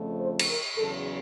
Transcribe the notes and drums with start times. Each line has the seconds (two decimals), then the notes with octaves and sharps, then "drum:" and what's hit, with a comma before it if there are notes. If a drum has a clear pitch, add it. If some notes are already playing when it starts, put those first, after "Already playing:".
Already playing: F2 C#3 F3 A3
0.19 C5
0.39 drum: cymbal
0.49 A#4
0.78 E2 C#3 F#3 A4